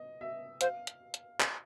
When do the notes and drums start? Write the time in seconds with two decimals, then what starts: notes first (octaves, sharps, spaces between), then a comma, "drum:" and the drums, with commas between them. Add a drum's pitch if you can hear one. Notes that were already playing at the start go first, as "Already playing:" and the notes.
Already playing: D#5
0.21 E5
0.61 C5 F5, drum: hi-hat
0.87 drum: hi-hat
1.14 drum: hi-hat
1.41 drum: clap